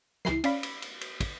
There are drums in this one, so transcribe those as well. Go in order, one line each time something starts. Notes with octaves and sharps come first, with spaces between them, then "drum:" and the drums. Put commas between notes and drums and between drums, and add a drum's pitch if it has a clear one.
C#2 E3 E4 C7, drum: snare
C#4 D5 F5 B5, drum: cymbal
drum: cymbal
drum: cymbal
drum: cymbal
drum: kick, cymbal